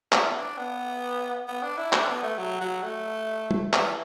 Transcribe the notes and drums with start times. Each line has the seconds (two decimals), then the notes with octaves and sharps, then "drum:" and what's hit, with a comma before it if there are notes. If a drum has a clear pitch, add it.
0.12 E4, drum: clap
0.27 B3
0.35 D4
0.58 B3
1.48 B3
1.63 D4
1.78 E4
1.93 D4, drum: clap
2.08 B3
2.23 A3
2.38 F#3
2.61 F#3
2.83 A3
3.51 drum: tom
3.73 E3, drum: clap